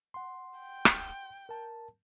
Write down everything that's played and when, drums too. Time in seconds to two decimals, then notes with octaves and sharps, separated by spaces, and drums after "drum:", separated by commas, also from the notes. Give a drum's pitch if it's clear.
0.14 F#5 C6
0.59 G5
0.85 drum: rim click
1.49 A#4 A5